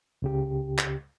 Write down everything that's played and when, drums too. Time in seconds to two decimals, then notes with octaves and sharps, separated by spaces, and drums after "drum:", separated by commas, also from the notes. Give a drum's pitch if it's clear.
0.22 C#2 C#3 G4
0.78 drum: clap